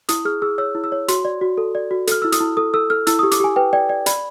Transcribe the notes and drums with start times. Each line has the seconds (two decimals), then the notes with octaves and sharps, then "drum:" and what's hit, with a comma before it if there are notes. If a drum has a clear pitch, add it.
0.09 E4 D#6, drum: hi-hat
0.25 G#4 F6
0.42 G#4 E6
0.58 C#5 E6
0.75 E4
0.84 E6
0.92 C#5
1.08 F#4 C6, drum: hi-hat
1.25 D5
1.41 F#4
1.58 A4
1.75 D5
1.91 F#4
2.07 A4 F6, drum: hi-hat
2.22 E4 E6
2.32 D#6, drum: hi-hat
2.40 E4
2.57 A4 D#6
2.74 A4 E6
2.90 A4 F6
3.07 E4 E6, drum: hi-hat
3.19 D#6
3.23 G4
3.31 D6, drum: hi-hat
3.40 G4 G#5
3.56 B4 G5
3.73 D5 G5
3.89 D5
4.06 D5 B5, drum: hi-hat